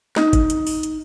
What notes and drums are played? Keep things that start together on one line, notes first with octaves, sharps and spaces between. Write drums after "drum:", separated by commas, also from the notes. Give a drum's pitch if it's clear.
D#4, drum: snare
drum: kick, hi-hat
drum: hi-hat
drum: open hi-hat
drum: hi-hat